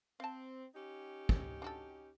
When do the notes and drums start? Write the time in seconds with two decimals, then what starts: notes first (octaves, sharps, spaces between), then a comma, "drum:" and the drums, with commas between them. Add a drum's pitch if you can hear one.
0.20 C4 F5 A5
0.75 C#4 D#4 G4
1.29 drum: kick
1.62 D4 F#4 A4